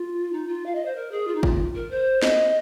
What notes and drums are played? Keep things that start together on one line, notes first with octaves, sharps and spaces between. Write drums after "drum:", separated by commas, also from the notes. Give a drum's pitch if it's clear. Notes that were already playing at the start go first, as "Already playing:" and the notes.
Already playing: F4
D#4
F4
F5
D#5
C5
A#4
G#4
F4
D#4
F4, drum: kick G1
A#4
C5
D#5, drum: snare